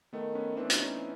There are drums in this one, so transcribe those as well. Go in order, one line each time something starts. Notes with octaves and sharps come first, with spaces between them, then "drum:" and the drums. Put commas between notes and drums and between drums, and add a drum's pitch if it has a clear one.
D#3 A3 B3
B3 C#4
E3 C4 D4
drum: hi-hat
C#4 D#4